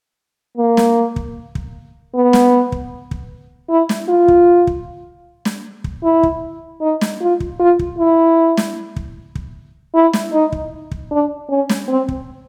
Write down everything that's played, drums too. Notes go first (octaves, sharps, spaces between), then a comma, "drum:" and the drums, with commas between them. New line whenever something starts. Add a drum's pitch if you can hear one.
A#3
drum: snare
drum: kick
drum: kick
B3
drum: snare
drum: kick
drum: kick
E4
drum: snare
F4
drum: kick
drum: kick
drum: snare
drum: kick
E4
drum: kick
D#4
drum: snare
F4
drum: kick
F4
drum: kick
E4
drum: snare
drum: kick
drum: kick
E4
drum: snare
D#4
drum: kick
drum: kick
D4
C#4
drum: snare
C4
drum: kick